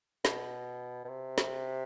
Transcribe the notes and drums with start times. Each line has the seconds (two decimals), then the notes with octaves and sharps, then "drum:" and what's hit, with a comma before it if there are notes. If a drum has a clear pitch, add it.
0.25 B2, drum: snare
1.04 B2
1.09 C3
1.38 drum: snare